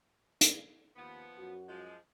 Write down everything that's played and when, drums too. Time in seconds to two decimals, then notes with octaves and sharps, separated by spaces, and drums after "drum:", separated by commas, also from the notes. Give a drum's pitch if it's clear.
0.41 drum: hi-hat
0.96 D#2 F3 B3
1.38 F#2 F#4
1.68 F3 G#3